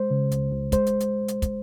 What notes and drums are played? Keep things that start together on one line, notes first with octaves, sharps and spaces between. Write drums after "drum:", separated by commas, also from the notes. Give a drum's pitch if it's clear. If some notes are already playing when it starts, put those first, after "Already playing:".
Already playing: G#3 C5
C#3
C#2, drum: hi-hat
C#2
G#3 C5, drum: kick, hi-hat
drum: hi-hat
drum: hi-hat
drum: hi-hat
drum: kick, hi-hat